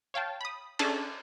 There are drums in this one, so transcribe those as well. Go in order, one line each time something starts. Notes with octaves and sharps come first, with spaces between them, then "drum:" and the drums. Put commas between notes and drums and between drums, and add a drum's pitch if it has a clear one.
C#5 F5 G5 A5
B5 D#6
C#4 D4 G#4 A4 A5, drum: cymbal